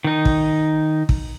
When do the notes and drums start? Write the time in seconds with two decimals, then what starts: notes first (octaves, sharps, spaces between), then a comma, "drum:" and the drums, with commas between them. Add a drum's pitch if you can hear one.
0.04 D#3 D#4
0.25 drum: kick
1.09 drum: kick